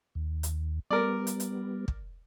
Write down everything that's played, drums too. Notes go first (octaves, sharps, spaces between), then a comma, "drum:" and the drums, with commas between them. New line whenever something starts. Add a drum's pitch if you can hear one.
D#2
drum: hi-hat
G3 B3 A#4 D5
drum: hi-hat
drum: hi-hat
drum: kick